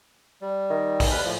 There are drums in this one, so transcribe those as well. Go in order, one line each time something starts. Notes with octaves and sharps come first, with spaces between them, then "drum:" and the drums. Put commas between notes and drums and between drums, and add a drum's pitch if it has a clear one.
G3
D#3
drum: kick, open hi-hat
D#2 B4 F6
A2 F3